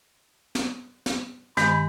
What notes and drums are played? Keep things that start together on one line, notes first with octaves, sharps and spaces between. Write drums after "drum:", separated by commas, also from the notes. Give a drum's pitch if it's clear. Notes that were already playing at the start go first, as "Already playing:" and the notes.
drum: snare
drum: snare
G2 D#3 G#3 B5, drum: snare